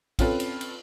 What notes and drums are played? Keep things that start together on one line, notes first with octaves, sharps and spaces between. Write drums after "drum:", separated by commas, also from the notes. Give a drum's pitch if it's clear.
C4 C#4 F4 A4 B4, drum: kick, cymbal
drum: cymbal
drum: cymbal